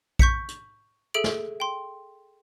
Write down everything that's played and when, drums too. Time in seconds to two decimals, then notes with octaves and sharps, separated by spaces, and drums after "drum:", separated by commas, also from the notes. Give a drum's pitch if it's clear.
0.19 C#6 G6 B6 C#7, drum: kick A#1
0.48 drum: hi-hat
1.14 G#4 A4 E5 D7 F#7
1.24 drum: snare
1.60 G5 C6